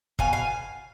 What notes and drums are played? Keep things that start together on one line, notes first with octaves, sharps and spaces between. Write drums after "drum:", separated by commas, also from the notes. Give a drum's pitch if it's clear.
B2 F5 G#5, drum: kick
F5 G#5